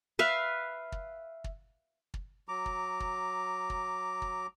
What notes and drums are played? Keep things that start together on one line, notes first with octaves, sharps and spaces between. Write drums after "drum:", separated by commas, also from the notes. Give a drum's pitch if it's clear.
B4 E5 F5
drum: kick
drum: kick
drum: kick
F#3 A#5 D6
drum: kick
drum: kick
drum: kick
drum: kick